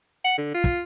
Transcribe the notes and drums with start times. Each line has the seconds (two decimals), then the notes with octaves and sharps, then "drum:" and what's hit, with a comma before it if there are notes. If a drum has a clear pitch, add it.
0.25 F#5
0.38 D3
0.54 F4
0.64 drum: kick